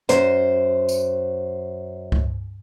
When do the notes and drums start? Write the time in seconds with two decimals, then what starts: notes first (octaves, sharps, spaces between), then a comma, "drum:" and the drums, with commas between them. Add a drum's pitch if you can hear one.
0.09 F#2 C5, drum: hi-hat
0.89 drum: tambourine
2.12 drum: kick C#2